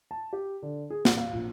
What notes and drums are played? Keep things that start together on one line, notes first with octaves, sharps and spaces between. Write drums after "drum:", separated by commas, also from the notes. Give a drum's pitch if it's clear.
A5
G4
D3
G#4
A#2, drum: snare
F5
A#1